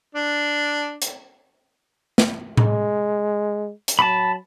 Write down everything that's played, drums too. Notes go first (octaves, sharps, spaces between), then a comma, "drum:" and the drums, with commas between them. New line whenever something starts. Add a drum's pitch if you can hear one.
D4
drum: hi-hat
drum: snare
G#3, drum: tom A2
drum: hi-hat
F#3 A5 B5